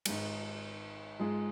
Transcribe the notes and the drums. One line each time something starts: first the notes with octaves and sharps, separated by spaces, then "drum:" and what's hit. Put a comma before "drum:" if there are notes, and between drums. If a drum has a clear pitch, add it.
G#1 G#2 G#3, drum: cymbal
G#2 G#3 F4 G#4